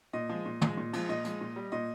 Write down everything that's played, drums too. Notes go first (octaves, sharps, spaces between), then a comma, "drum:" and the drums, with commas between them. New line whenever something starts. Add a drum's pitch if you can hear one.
A#2 D#5
F3 G#3
A#2
F3 G#3, drum: tom
A#2
F3 G#3, drum: cymbal
A#2 D#5
F3 G#3, drum: hi-hat
A#2
G3
A#2 D#5